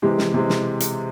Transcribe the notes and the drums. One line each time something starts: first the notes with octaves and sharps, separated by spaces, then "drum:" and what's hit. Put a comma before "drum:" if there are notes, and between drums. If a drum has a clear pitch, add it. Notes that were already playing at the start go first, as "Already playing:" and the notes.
C3 E3 G#3 G4
drum: snare
C3 E3 G#3
drum: snare
drum: hi-hat